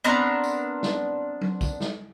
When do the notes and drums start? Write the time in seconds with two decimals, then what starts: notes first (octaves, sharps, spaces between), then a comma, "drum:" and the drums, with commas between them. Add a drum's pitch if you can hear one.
0.04 B3 C4 D4 A#4
0.44 drum: tambourine
0.83 drum: snare
1.41 drum: tom F#3
1.61 drum: kick, tambourine
1.80 drum: snare